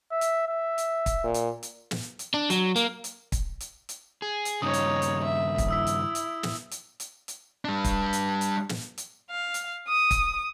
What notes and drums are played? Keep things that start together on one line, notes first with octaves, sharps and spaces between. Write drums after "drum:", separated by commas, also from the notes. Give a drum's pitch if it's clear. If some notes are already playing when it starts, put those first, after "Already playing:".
E5
drum: hi-hat
E5
drum: hi-hat
drum: kick, hi-hat
A#2
drum: hi-hat
drum: hi-hat
drum: snare
drum: hi-hat
D4
F#3, drum: hi-hat
A#3, drum: hi-hat
drum: hi-hat
drum: kick, hi-hat
drum: hi-hat
drum: hi-hat
G#4
drum: hi-hat
G2 C#3 D#4 C#5 D#6
drum: hi-hat
drum: hi-hat
E5
drum: kick, hi-hat
E4 D#6 E6 B6
drum: hi-hat
drum: hi-hat
drum: snare
drum: hi-hat
drum: hi-hat
drum: hi-hat
G3 D4
drum: kick, hi-hat
drum: hi-hat
drum: hi-hat
drum: snare
drum: hi-hat
F5
drum: hi-hat
D#6
drum: kick, hi-hat